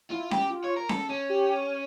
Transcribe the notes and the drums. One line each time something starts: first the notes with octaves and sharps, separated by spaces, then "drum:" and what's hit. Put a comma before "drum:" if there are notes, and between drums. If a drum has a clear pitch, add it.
E4 F4
G4, drum: snare C#4
F4
C#5
A#4
A4, drum: snare C#4
C#4
G4